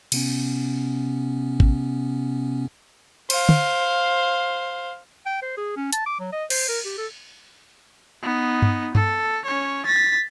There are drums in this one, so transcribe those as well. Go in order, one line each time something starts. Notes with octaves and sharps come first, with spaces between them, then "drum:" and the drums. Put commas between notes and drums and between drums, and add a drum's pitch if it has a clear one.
C3 B3 C#4, drum: cymbal
drum: kick
C5 F5, drum: cymbal
drum: tom
G5
C5
G#4
C#4
A5, drum: hi-hat
D6
F#3
D#5
C5, drum: cymbal
A#4
G4
A4
B3 D#4
drum: tom G2
A4, drum: tom G2
C#4 C#5
A6 B6